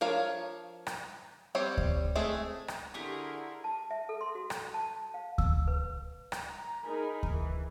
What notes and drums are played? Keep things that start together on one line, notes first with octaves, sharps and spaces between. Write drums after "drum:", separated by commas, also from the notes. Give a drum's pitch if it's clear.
F3 D4 A#4 C#5 F5
drum: rim click
G3 C4 C5 C#5
drum: kick D2
G#3 A3 C4 G#4
drum: rim click
D3 E4 G4 G#4 A#4 C6 C#6 D#6
A5
E5
A4
C6
F#4
drum: rim click
A5
F5
E6, drum: kick D2
B4
drum: rim click
A#5
D#4 G#4 A#4 G#5 B5
drum: kick D2
E3